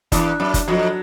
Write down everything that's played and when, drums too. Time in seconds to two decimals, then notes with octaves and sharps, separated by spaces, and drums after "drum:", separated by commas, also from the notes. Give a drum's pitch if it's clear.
0.12 E2 D4, drum: kick F#1, hi-hat
0.40 F#2 D4
0.54 drum: kick F#1, hi-hat
0.68 F2 F#3